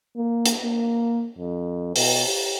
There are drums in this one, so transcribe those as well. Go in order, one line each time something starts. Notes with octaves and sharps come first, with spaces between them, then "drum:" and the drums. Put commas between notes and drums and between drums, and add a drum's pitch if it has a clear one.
A#3
drum: hi-hat
A#3
F2
B2, drum: open hi-hat
G4